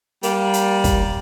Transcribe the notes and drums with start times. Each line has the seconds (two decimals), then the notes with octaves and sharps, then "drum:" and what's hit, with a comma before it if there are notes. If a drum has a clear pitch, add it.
0.23 G3 A#3, drum: hi-hat
0.53 drum: hi-hat
0.84 drum: kick, hi-hat